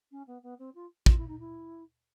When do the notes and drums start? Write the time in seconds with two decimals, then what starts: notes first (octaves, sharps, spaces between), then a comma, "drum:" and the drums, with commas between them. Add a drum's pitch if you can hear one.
0.11 C#4
0.27 B3
0.43 B3
0.59 C4
0.75 F4
1.06 F4, drum: kick
1.17 E4
1.27 D#4
1.39 E4